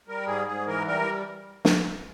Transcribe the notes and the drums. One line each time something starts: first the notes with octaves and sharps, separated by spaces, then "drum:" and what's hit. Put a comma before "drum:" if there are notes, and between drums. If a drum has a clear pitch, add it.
G3 A#4
G#2 G#4
G#2 G#4
E3 A#4
G3 A#4
drum: snare